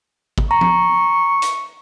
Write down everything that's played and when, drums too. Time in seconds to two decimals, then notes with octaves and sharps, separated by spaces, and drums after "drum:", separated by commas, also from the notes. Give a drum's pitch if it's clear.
0.38 drum: kick
0.51 A#5 C#6
0.61 drum: tom
1.42 drum: hi-hat